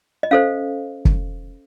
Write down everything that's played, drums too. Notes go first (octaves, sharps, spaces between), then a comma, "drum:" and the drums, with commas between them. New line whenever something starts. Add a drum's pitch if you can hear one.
D#5
C#4 A4 C5 F5
drum: kick